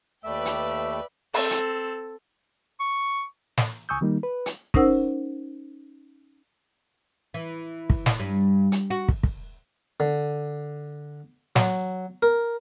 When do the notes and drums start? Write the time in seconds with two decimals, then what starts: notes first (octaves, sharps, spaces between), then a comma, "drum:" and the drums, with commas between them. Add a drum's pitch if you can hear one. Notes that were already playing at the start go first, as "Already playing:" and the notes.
0.24 D#2 A3 B4 D5 E5 G5
0.45 drum: hi-hat
1.34 C4 A4, drum: open hi-hat
1.51 drum: hi-hat
2.80 C#6
3.57 drum: snare
3.89 C#2 G#5 C#6 D#6 E6 G6
4.01 D#3 G3 A#3 D#4
4.23 B4
4.46 drum: hi-hat
4.74 C#4 D#4 A#4 C5 F#5 E6, drum: kick
7.34 E3
7.90 drum: kick
8.06 drum: snare
8.20 G2
8.72 drum: hi-hat
8.90 F#4
9.08 drum: kick
9.23 drum: kick
10.00 D3
11.56 F#3, drum: snare
12.22 A#4